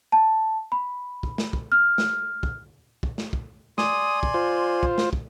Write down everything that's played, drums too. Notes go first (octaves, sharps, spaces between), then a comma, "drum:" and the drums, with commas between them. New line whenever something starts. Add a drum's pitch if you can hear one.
A5
B5
drum: kick
drum: snare
drum: kick
F6
drum: snare
drum: kick
drum: kick
drum: snare
drum: kick
D5 G#5 C6 D#6, drum: snare
drum: kick
F4 C5
drum: kick
drum: snare
drum: kick